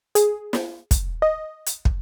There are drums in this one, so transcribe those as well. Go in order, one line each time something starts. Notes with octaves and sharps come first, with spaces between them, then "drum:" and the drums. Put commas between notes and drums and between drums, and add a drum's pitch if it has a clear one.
G#4, drum: hi-hat
drum: snare
drum: kick, hi-hat
D#5
drum: hi-hat
drum: kick